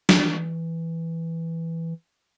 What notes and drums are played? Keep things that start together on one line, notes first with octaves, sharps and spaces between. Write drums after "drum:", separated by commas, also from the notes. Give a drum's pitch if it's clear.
F3, drum: snare
E3